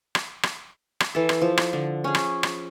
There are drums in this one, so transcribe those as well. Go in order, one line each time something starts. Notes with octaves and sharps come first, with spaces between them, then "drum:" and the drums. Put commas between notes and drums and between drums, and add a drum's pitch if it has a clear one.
drum: rim click
drum: rim click
drum: rim click
E3 A4
drum: rim click
F3
drum: rim click
D3
C#4 G#4
drum: rim click
drum: rim click